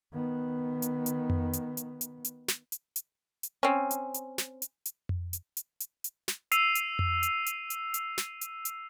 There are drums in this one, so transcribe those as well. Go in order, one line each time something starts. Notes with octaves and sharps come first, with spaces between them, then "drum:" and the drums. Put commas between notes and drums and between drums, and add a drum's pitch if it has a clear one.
D#3 B3
drum: hi-hat
drum: hi-hat
drum: tom F2
drum: hi-hat
drum: hi-hat
drum: hi-hat
drum: hi-hat
drum: snare
drum: hi-hat
drum: hi-hat
drum: hi-hat
C4 C#4
drum: hi-hat
drum: hi-hat
drum: snare
drum: hi-hat
drum: hi-hat
drum: tom F2
drum: hi-hat
drum: hi-hat
drum: hi-hat
drum: hi-hat
drum: snare
E6 C7 D#7 F7, drum: hi-hat
drum: hi-hat
drum: tom F2
drum: hi-hat
drum: hi-hat
drum: hi-hat
drum: hi-hat
drum: snare
drum: hi-hat
drum: hi-hat